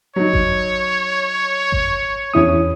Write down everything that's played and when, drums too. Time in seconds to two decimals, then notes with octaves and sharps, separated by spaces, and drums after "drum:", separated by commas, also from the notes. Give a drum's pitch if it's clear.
0.16 F#3 D#4 C#5
0.34 drum: kick G#1
1.72 drum: kick G#1
2.34 E2 G2 C#4 E4 D#6